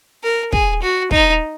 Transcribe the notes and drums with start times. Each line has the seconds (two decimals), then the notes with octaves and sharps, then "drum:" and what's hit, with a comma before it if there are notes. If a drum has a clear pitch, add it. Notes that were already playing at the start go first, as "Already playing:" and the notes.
0.23 A#4
0.53 G#4, drum: kick
0.82 F#4
1.11 D#4, drum: kick